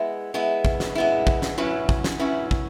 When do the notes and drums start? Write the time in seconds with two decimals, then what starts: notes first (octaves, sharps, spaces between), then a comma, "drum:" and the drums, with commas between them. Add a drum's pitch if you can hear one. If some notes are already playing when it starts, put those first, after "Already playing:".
Already playing: G#3 B3 E4
0.34 G#3 B3 E4
0.65 drum: kick
0.80 drum: snare
0.95 G#3 B3 E4
1.27 drum: kick
1.42 drum: snare
1.58 F#3 C#4 E4 B4
1.89 drum: kick
2.04 drum: snare
2.20 F#3 C#4 E4 B4
2.51 drum: kick